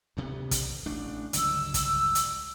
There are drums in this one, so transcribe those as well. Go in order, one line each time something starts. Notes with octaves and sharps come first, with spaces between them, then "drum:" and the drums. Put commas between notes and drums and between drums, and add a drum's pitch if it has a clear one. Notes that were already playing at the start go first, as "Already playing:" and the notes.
D2 C3 B3
drum: kick, hi-hat
A1 A3 D4
G1 C#2 F#3 E6, drum: hi-hat
drum: kick, hi-hat
drum: hi-hat